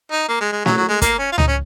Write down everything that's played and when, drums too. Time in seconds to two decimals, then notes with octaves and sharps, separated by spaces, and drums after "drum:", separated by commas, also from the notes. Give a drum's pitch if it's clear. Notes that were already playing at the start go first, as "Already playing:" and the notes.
0.11 D#4
0.29 A#3
0.41 G#3
0.53 G#3
0.66 F#3, drum: snare
0.77 F#3
0.89 G#3
1.02 A#3, drum: kick, hi-hat
1.19 C#4
1.32 F4
1.38 D#4, drum: tom C#2
1.48 C#4